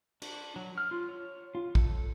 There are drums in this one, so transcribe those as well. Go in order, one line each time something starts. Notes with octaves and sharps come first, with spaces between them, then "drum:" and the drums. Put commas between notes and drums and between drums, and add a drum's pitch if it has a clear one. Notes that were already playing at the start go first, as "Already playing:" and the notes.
D4, drum: cymbal
F#3
F6
F4
C#5
F4
A4, drum: kick